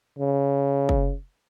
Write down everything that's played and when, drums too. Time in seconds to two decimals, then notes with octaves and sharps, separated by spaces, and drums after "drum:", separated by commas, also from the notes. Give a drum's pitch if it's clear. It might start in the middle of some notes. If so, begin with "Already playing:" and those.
0.19 C#3
0.89 drum: kick